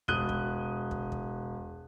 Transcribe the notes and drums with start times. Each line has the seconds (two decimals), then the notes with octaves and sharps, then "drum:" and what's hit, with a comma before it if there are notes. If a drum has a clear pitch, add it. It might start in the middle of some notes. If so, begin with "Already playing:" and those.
0.08 E1 D#6 F#6 D#7 G7, drum: kick
0.29 drum: kick
0.91 drum: kick
1.12 drum: kick